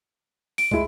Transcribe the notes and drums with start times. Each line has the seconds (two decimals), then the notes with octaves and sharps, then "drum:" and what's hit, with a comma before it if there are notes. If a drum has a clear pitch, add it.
0.58 D7, drum: open hi-hat
0.71 G#3 E4, drum: kick